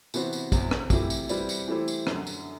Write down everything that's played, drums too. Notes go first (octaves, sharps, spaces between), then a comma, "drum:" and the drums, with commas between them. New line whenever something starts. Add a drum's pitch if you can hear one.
C3 E3 B3 F#4 C5, drum: tambourine
drum: tambourine
E2 C3 F#3 C4, drum: kick, tambourine
drum: rim click
C3 E3 A3 E4 G4, drum: kick, tambourine
drum: tambourine
G3 C4 E4 B4 D5, drum: tambourine
drum: tambourine
E3 A3 E4 G4 C5
drum: tambourine
F#2 D3 F#3, drum: rim click
drum: tambourine